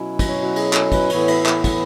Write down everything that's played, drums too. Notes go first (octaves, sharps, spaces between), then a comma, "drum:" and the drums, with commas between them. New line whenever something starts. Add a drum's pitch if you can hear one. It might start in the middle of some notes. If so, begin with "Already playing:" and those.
Already playing: B2 F#3 C#4 E4
drum: kick, cymbal
C#5
F#4
G#4, drum: cymbal
A4, drum: clap
B4, drum: kick, cymbal
A2 E3 B3 E4 C#5, drum: cymbal
E5, drum: cymbal
E5, drum: clap
F#5, drum: kick, cymbal